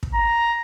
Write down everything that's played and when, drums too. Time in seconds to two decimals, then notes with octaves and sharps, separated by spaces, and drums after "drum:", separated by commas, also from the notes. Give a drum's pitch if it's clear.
0.03 drum: kick
0.14 A#5